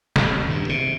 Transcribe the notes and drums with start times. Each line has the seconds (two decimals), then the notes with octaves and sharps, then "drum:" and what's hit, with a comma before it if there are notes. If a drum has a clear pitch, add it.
0.16 D#1, drum: snare
0.50 G2
0.69 C3